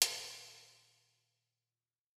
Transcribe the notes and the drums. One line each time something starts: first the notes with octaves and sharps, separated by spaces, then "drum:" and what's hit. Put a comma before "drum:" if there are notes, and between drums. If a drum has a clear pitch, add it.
A#2 D#3, drum: hi-hat